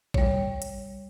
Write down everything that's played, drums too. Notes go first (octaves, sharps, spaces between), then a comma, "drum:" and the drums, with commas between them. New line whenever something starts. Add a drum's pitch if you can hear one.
G3 C#5, drum: kick
drum: hi-hat